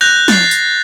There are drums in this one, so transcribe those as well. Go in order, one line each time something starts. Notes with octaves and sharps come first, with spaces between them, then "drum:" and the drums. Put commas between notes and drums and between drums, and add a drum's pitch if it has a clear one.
F#6 G6 A#6 F7
A6 C7, drum: snare
drum: tambourine